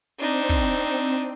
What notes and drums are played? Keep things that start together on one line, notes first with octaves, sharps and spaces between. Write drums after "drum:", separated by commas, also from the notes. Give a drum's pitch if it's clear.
C4 D4 D#4
drum: kick